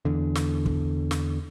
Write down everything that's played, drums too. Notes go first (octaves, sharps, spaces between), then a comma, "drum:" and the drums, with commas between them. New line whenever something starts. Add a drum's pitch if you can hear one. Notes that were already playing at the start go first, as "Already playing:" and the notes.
E2 D3
drum: snare
drum: kick
drum: snare